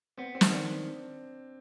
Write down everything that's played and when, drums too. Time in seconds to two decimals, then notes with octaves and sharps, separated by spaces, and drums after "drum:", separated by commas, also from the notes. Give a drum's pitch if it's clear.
0.18 B3 C4
0.35 C4
0.41 D#3, drum: snare
0.51 D4